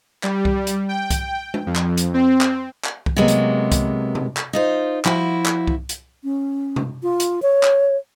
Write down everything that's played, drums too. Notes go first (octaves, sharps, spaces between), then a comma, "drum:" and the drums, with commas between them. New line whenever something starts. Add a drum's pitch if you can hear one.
G3, drum: clap
drum: kick C2
drum: hi-hat
G5
drum: kick C2, hi-hat
drum: tom G#3
F2
drum: clap
drum: hi-hat
C4
drum: clap
drum: clap
drum: kick C2
C3 F#3 G#3 A#3 B3
drum: hi-hat
drum: kick C2, hi-hat
drum: tom C3
drum: clap
D#4 F4 C5
F3 E4 F#4, drum: clap
drum: clap
drum: kick C2
drum: hi-hat
C#4
drum: tom C3
F4
drum: hi-hat
C#5
drum: clap